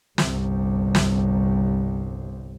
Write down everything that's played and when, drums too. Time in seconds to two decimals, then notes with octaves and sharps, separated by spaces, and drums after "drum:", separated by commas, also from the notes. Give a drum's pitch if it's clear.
0.18 G1 C2, drum: snare
0.95 drum: snare